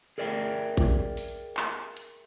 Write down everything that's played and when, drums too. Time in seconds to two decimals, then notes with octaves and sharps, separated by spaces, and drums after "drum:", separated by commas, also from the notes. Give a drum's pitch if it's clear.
0.18 G#4 A#4 D5 E5 G5
0.77 drum: kick A1, hi-hat
1.17 drum: open hi-hat
1.57 drum: clap
1.97 drum: hi-hat